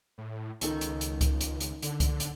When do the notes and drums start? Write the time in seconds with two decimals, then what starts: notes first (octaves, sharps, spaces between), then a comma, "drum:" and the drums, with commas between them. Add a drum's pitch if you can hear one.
0.18 A2
0.61 C#2 D#3 A4 C#6, drum: hi-hat
0.81 drum: hi-hat
1.01 drum: hi-hat
1.21 drum: kick C2, hi-hat
1.41 drum: hi-hat
1.60 drum: hi-hat
1.82 D3, drum: hi-hat
2.00 drum: kick C2, hi-hat
2.20 drum: hi-hat